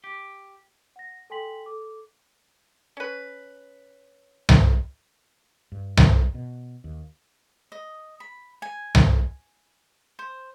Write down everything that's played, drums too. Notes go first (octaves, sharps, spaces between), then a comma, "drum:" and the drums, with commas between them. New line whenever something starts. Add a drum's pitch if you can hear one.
G4
F#5 A#6
A4 G5 G#5 C6 B6 F#7
A4 D6
C#4 B4
drum: tom C2
G2
drum: tom C2
B2
D#2
D#5
B5
G#5
drum: tom C2
C5